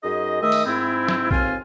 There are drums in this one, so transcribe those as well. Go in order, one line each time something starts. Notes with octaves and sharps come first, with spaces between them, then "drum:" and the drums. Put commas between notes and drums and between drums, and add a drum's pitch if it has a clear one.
F#2 D#4 G#4 D#5
D#3 G#3 A3 D#5 E5 D#6
drum: open hi-hat
G#2 C4 E4
drum: snare
D#2 G#2 C4 F4 F5 G#5, drum: kick A#1